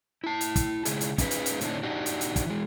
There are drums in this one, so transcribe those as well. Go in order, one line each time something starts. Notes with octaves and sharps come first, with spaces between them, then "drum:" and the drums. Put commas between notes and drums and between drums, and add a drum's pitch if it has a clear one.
E4 A5
drum: hi-hat
drum: kick, hi-hat
C#3 G#3 E4 G#4, drum: hi-hat
drum: hi-hat
C#4 D#4 F4 G#4 B4, drum: kick, hi-hat
drum: hi-hat
drum: hi-hat
A2 D3 C4 D4 D#4, drum: hi-hat
D4 D#4 F#4 G4
drum: hi-hat
drum: hi-hat
drum: kick, hi-hat
E3 G#3